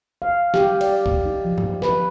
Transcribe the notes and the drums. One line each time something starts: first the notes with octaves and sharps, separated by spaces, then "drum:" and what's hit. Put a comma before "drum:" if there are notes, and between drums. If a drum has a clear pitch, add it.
F5
G4, drum: snare
D5, drum: cymbal
drum: kick
D#4
F3
drum: tom G2
B4, drum: snare